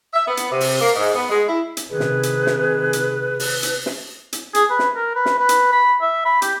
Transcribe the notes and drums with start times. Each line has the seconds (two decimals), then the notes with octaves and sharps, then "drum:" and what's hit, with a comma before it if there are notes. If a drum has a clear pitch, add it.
0.13 E5
0.27 B3
0.37 drum: hi-hat
0.50 C3
0.61 drum: open hi-hat
0.79 A#3
0.96 G#2
1.14 B3
1.29 G#3
1.47 E4
1.77 drum: hi-hat
1.90 C3 D#3 G#4 B4
2.00 drum: snare
2.23 drum: hi-hat
2.47 drum: snare
2.93 drum: hi-hat
3.40 drum: open hi-hat
3.63 drum: hi-hat
3.86 drum: snare
4.33 drum: hi-hat
4.55 G#4, drum: hi-hat
4.70 B4
4.79 drum: snare
4.96 A#4
5.15 B4
5.26 drum: snare
5.39 B4
5.49 drum: hi-hat
5.72 B5
6.02 E5
6.25 B5
6.42 G4, drum: hi-hat